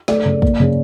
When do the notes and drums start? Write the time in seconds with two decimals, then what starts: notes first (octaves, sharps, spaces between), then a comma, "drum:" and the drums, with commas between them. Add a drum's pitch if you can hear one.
0.08 A3 D5, drum: snare
0.25 C#3
0.42 A#3, drum: kick
0.60 C#3